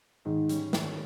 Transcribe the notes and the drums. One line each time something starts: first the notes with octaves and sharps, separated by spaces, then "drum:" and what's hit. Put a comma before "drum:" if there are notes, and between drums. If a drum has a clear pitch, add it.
G#2 D#3
G3 C#4, drum: hi-hat
D#3, drum: snare